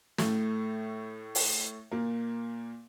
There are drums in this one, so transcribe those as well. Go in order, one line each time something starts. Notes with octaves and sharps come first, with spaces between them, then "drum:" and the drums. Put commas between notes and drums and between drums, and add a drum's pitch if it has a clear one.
A2 A3, drum: snare
drum: open hi-hat
A#2 A#3